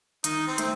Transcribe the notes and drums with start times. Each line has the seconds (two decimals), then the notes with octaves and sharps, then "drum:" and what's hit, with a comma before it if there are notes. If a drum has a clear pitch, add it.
0.24 D#3 D#4, drum: hi-hat
0.47 C4
0.58 A3, drum: hi-hat